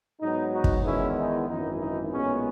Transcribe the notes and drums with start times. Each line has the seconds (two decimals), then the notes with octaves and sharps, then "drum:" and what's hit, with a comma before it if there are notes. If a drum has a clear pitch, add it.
0.21 G#2 F#3 B3 D#4
0.53 D#4 F#4
0.64 drum: kick
0.84 E2 D#3 G#3 B3 C#4 E4
1.16 D#4
1.47 G#1 F#2 E3 D#4
1.79 D#4
2.11 B1 A#2 G#3 B3 C#4